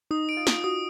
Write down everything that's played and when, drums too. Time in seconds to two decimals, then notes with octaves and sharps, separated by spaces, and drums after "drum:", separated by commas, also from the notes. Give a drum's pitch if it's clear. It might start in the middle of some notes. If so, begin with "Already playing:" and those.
0.11 D#4 D#6
0.29 D7
0.37 F4
0.47 D#6, drum: snare
0.64 F#4 D#6